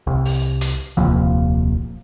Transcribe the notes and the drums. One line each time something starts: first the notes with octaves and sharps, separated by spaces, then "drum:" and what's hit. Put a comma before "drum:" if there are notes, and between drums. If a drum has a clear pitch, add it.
C2
drum: open hi-hat
drum: hi-hat
D#1 C2 A#2 F3